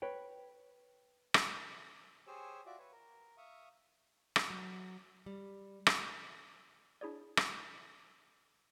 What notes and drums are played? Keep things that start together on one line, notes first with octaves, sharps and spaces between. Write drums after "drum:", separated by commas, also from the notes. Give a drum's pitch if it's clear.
B4 C#5 G5
drum: rim click
G4 G#4 C5 C#5 G#5 E6
F4 F#4 D5 E5 D6
B4 C#5
A#4
E5 F5 C#6 D#6
drum: rim click
F#3
G3
drum: rim click
D4 E4 G#4 C#5 D5
drum: rim click